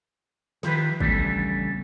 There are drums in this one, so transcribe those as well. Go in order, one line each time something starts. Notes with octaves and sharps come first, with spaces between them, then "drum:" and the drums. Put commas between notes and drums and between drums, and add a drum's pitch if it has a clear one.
D#3 F3 E4 G4 B4, drum: snare
E2 G2 C#3 G3 A3 D4, drum: kick